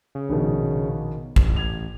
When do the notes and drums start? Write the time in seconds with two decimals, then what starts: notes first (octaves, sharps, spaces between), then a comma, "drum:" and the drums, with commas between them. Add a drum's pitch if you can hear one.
0.15 C#3
0.29 A#1 B2 D#3
1.36 A1, drum: kick
1.56 G#6 F7